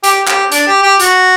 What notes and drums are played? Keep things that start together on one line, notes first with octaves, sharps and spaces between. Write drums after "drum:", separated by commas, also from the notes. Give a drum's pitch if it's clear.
G4, drum: hi-hat
G4, drum: clap
D4, drum: hi-hat
G4
G4
F#4, drum: hi-hat